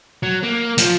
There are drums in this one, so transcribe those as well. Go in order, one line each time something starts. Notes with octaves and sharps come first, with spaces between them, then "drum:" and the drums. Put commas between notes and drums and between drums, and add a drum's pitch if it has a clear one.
F#3
A#3
F3, drum: hi-hat